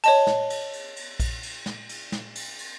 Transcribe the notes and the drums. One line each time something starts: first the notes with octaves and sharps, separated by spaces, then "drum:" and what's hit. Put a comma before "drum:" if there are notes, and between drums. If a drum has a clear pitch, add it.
C#5 D#5 A5, drum: cymbal
drum: snare
drum: cymbal
drum: cymbal
drum: cymbal
drum: kick A#1, cymbal
drum: cymbal
drum: snare
drum: cymbal
drum: snare
drum: cymbal
drum: cymbal